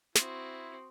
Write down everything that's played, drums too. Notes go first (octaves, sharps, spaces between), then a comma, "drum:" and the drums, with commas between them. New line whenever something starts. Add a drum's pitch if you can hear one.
C4 E4 F#4 C6 D#6, drum: snare